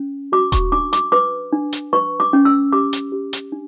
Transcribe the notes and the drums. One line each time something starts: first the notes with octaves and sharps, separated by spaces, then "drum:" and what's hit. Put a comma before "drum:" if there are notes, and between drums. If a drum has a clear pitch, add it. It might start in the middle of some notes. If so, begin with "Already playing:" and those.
Already playing: C#4
F#4 D6
C#6, drum: kick D#1, hi-hat
D4 D6
D6, drum: hi-hat
B4 D6
D4
drum: hi-hat
B4 C#6
D6
C#4
E6
G4 D6
drum: hi-hat
G4
drum: hi-hat
D4